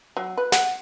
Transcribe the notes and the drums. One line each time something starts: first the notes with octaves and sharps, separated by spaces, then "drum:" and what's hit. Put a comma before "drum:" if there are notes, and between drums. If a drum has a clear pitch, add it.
F#3
B4
F#5, drum: snare